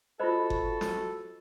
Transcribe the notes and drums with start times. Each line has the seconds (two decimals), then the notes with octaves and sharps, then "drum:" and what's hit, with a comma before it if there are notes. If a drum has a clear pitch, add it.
0.20 F4 F#4 A4 C5 D#5 B5
0.50 drum: kick F#1
0.81 drum: snare